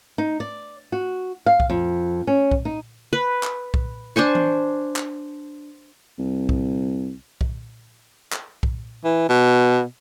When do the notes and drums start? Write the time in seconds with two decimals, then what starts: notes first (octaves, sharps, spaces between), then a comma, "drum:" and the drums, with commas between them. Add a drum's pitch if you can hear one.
0.18 D#4
0.40 D5
0.92 F#4
1.46 F5
1.60 drum: kick B1
1.70 F2
2.27 C#4
2.51 drum: kick B1
2.65 D#4
3.13 B4
3.43 drum: clap
3.74 drum: kick B1
4.16 D4 C5 G#5 C#6
4.35 drum: tom E3
4.96 drum: clap
6.19 C2
6.49 drum: kick B1
7.41 drum: kick B1
8.32 drum: clap
8.63 drum: kick B1
9.04 E3
9.29 B2